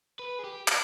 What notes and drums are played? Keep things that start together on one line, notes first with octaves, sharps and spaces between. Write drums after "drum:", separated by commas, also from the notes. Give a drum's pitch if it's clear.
B4
G#4
G4
F#4, drum: clap